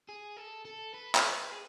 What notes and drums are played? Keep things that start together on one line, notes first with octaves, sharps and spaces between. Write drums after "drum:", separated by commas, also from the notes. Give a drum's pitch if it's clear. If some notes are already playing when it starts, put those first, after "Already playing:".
G#4
A4
A4
B4
B4, drum: clap
B4
G#4